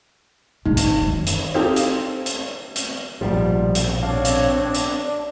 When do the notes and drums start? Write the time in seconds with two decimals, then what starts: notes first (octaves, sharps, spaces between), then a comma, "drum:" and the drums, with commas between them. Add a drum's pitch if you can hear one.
0.66 G#1 D3 D#4
0.77 drum: hi-hat
1.02 F#2 D#3
1.26 drum: hi-hat
1.54 C4 D#4 G4 A4 C5 F5
1.76 drum: hi-hat
2.26 drum: hi-hat
2.76 drum: hi-hat
3.21 A#1 G#2 B2 F3 G3
3.75 drum: hi-hat
4.03 C4 D4 C#5 F5
4.25 drum: hi-hat
4.74 drum: hi-hat